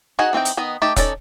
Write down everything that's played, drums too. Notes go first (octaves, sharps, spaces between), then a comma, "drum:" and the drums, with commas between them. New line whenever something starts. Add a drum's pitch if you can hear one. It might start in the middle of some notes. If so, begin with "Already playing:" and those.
D#4 F#4 G#4 F#5 G#5
E3 C4 D#4 G5
drum: hi-hat
D#3 B3 D#5
A3 D#4 G4 A5
C#4 D#4 A4 D5, drum: kick E1, hi-hat